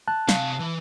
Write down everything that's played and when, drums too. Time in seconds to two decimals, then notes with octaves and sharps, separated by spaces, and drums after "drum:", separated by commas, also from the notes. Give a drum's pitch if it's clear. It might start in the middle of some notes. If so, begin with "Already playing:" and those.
0.08 A5 F#6
0.29 C3 F5, drum: snare
0.60 E3